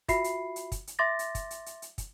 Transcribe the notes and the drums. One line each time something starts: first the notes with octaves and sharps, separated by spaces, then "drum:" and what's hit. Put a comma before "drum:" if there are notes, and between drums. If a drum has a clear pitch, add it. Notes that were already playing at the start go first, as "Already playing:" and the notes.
F4 F#4 E5 B5 C7, drum: kick, hi-hat
drum: hi-hat
drum: hi-hat
drum: kick, hi-hat
drum: hi-hat
E5 C6 D6 A6 A#6
drum: hi-hat
drum: kick, hi-hat
drum: hi-hat
drum: hi-hat
drum: hi-hat
drum: kick, hi-hat